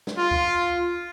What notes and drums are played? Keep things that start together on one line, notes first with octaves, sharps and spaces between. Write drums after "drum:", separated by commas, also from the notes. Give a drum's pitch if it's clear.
drum: snare
F4
drum: kick C#2